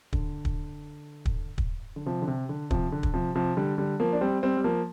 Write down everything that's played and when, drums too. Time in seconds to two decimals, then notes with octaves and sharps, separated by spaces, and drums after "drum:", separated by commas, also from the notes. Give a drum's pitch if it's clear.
0.13 D3, drum: kick
0.45 drum: kick
1.25 drum: kick
1.58 drum: kick
1.96 D3
2.06 C3 F3
2.22 D3
2.28 C3
2.49 D3
2.71 C3 F3, drum: kick
2.92 D3
3.03 drum: kick
3.14 C3 F3
3.35 C3 F3
3.57 D3 G3
3.78 D3 G3
4.00 F3 A#3
4.13 D4
4.21 G3 C4
4.43 G3 C4
4.57 G3
4.64 F3 A#3